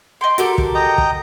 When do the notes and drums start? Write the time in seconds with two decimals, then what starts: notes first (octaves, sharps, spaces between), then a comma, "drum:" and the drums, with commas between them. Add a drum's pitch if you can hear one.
0.21 D#5 G5 C6
0.38 F#4 G4 A4 A#4, drum: hi-hat
0.58 drum: kick
0.75 D#5 G5 A#5
0.98 drum: kick